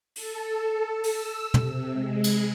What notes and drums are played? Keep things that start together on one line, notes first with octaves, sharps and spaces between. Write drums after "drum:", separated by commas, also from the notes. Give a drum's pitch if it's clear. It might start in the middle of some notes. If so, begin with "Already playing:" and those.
A4, drum: open hi-hat
A4
E6, drum: open hi-hat
C3, drum: tom
G#3
drum: cymbal